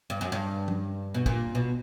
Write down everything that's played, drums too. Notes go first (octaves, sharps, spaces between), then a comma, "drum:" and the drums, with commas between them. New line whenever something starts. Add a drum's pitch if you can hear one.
G2
F#2
G2
drum: tom F3
B2
A#2, drum: kick
B2